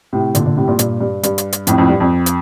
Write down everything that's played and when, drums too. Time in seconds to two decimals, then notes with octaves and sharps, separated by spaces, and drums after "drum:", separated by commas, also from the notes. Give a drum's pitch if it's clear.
0.12 A2 C3
0.35 A#2 D3, drum: hi-hat
0.45 A#2 D3
0.57 A2 C3
0.67 G2 A#2
0.79 G2 A#2, drum: hi-hat
1.01 G2
1.23 G2, drum: hi-hat
1.38 drum: hi-hat
1.52 drum: hi-hat
1.67 F2 A2, drum: hi-hat
1.78 F2 A2
1.89 G2
2.00 F2
2.26 drum: hi-hat